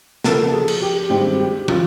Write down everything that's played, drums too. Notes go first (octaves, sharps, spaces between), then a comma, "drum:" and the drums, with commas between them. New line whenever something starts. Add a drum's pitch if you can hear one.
C#3 F3 A#3 A4, drum: snare
G#4
drum: cymbal
G4
G2 D#3 G#3 C4 G4
G4
F4, drum: tom